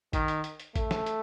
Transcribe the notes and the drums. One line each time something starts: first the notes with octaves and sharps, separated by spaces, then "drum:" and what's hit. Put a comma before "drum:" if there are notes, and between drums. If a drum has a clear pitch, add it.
D#3, drum: kick A1, hi-hat
drum: hi-hat
drum: hi-hat
drum: hi-hat
A3, drum: kick A1, hi-hat
drum: snare
drum: hi-hat